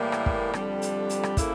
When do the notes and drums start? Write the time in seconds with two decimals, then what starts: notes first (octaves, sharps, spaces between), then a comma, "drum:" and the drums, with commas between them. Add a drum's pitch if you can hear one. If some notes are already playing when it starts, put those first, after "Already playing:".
Already playing: A2 E3 G3 A#3
0.12 drum: rim click
0.26 drum: kick
0.53 F2 D3 G3, drum: rim click
0.82 drum: hi-hat
1.09 drum: hi-hat
1.23 drum: rim click
1.37 C#3 E3 A#3 E4 A4, drum: kick, hi-hat